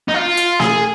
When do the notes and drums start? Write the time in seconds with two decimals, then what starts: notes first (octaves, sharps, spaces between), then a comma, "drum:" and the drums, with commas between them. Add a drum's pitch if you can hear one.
0.08 D#4
0.14 F4
0.37 drum: hi-hat
0.60 G#4, drum: snare